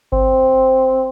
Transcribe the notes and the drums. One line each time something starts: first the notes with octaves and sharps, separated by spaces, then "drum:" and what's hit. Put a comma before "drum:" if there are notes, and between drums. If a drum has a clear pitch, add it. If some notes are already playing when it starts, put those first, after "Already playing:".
C4, drum: kick G1